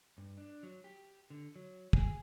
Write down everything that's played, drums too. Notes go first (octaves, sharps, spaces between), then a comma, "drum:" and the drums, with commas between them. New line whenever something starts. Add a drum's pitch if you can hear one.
G2
D4
F#3
G4
D3
F#3
G#4, drum: kick